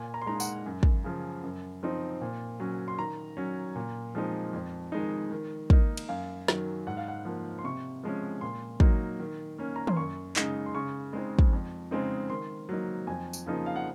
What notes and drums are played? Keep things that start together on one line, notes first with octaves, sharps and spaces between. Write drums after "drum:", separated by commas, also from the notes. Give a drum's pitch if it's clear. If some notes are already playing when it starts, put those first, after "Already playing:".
Already playing: A#2 G#5
A#5
C6
G#3 D#4 A#5
F#5, drum: tambourine
F#2
drum: kick
C#3 F3
F#2
F3 C4 D#4
A#2
F#3 C#4
C6
D#3 A#5
F#3 C#4
A#2
F3 G#3 C4 D#4
F2
D#3 G#3 D#4
D#3
A#3 D#4, drum: kick
drum: cymbal
F#2 F5
D#3 F#3, drum: snare
G#2 F#5
F5
F#5
F3 A#3
C6
C3 C#6
F3 G#3 C#4
A#2 C6
F#3 A#3 D#4, drum: kick
D#3
A#3 C#4
A#5
C6, drum: tom D#3
F#2 C#6
C#3 G#3 D#4, drum: clap
C6
C#3 C#6
G#3 C4 D#4
drum: kick
F2
C#3 G#3 C4 D#4
D#3 C6
F#3 A#3 D#4
F2 G#5
drum: tambourine
C#3 F3 A#3 D#4
F5
F#5